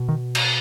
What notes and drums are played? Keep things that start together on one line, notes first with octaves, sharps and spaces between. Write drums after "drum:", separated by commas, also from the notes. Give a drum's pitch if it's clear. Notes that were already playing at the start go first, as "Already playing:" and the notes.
Already playing: B2
D#3
drum: cymbal